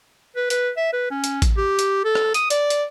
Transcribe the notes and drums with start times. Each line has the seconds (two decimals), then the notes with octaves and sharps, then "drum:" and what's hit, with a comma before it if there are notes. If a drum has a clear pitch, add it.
0.36 B4
0.50 B4, drum: hi-hat
0.77 E5
0.93 B4
1.11 C#4
1.24 drum: hi-hat
1.42 drum: kick A1, hi-hat
1.57 G4
1.79 drum: hi-hat
2.05 A4
2.15 drum: rim click
2.34 D#6, drum: hi-hat
2.50 D5, drum: hi-hat
2.70 drum: hi-hat